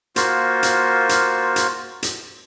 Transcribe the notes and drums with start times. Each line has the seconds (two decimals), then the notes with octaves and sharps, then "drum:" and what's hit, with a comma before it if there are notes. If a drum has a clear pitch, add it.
0.16 A#3 F4 F#4 C5, drum: hi-hat
0.63 drum: hi-hat
1.09 drum: hi-hat
1.56 drum: hi-hat
2.03 drum: hi-hat